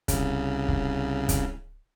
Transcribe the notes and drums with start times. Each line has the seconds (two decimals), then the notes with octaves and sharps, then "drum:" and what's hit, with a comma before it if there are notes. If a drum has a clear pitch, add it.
0.08 C2 C#3, drum: kick, hi-hat
0.68 drum: kick
1.29 drum: kick, hi-hat